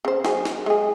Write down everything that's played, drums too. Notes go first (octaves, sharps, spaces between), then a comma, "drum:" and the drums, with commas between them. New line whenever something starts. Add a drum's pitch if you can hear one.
C#3 C5
F#3 G#4, drum: snare
drum: snare
G#3 G#4